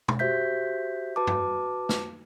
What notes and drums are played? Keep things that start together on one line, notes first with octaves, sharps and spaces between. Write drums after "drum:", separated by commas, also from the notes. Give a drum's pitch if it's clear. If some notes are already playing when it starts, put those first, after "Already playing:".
drum: tom
F#4 G4 C5 E5 G6 B6
F#4 B4 A5 D6
drum: tom
drum: snare